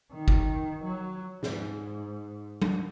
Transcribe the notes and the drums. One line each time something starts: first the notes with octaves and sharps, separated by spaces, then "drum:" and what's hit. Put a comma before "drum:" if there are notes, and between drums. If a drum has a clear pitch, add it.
D#3
drum: kick
F#3
G#2, drum: snare
drum: tom F#3